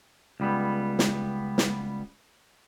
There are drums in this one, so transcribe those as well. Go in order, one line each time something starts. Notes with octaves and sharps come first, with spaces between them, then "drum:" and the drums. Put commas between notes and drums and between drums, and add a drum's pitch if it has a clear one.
C#2 G3 B3
drum: snare
drum: snare